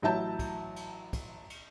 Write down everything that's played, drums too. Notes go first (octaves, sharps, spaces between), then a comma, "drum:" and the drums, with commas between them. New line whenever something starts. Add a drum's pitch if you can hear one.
A1 F#3 E4 E5 A5 G6
drum: kick, cymbal
drum: cymbal
drum: kick, cymbal
drum: cymbal